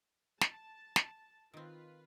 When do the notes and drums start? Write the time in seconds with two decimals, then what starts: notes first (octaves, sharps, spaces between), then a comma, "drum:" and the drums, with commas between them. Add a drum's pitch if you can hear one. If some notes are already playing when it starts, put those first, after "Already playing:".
0.41 A5, drum: snare
0.96 drum: snare
1.54 D#3 C4 F4 B4